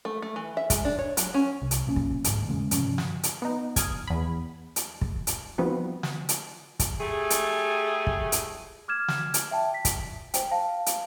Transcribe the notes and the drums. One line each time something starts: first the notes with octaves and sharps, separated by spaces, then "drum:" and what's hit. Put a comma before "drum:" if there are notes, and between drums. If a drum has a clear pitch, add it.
A3
A3
E3
E5
G#3, drum: kick, hi-hat
D4
C#5
F#3, drum: hi-hat
C#4
C2
drum: hi-hat
B1 A#2 C#4
drum: kick
A1 D2 G#2, drum: hi-hat
E2 A2 C#3 G#3
G2 C3 F3 C#4, drum: hi-hat
drum: snare
drum: hi-hat
B3 D#4
D#6 F6 G#6, drum: kick, hi-hat
E2 B5
drum: hi-hat
drum: kick
drum: hi-hat
F3 G3 B3 C4 D#4 F#4
drum: snare
drum: hi-hat
drum: kick, hi-hat
G3 A3 G#4
drum: hi-hat
drum: kick
drum: hi-hat
D6 F6 G#6 E7
drum: snare
drum: hi-hat
E5 G5 A5
B6
drum: kick, hi-hat
C5 G5, drum: hi-hat
F5 A5
drum: hi-hat